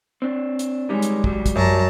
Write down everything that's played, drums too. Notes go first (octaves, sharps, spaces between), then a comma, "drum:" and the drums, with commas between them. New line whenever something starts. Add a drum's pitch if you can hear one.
C4 D4
drum: hi-hat
D#3 G3 G#3 C#4
drum: hi-hat
F#3 G3, drum: kick
drum: kick, hi-hat
F#2 A5 A#5